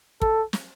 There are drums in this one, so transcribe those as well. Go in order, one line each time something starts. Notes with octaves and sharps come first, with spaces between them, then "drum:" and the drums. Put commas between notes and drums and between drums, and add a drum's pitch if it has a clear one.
A4, drum: kick
drum: snare